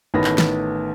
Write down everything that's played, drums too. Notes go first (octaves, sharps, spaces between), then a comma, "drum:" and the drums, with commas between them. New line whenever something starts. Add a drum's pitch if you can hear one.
A1 D#3 A3 B3 B5 A#6
drum: clap
drum: snare